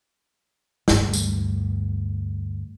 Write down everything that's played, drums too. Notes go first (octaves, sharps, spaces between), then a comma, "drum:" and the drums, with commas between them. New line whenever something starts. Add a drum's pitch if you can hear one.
D2 G2, drum: snare
drum: tambourine